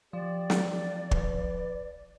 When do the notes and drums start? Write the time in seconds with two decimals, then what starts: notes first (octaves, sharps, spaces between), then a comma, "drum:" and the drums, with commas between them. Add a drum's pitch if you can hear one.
0.13 F3 G4 D5
0.50 drum: snare
1.11 B4, drum: kick